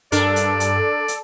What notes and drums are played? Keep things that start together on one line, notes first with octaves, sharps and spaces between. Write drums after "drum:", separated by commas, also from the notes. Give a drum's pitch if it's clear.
G2 D4 A4 A#4 D5, drum: hi-hat
drum: hi-hat
drum: hi-hat
drum: hi-hat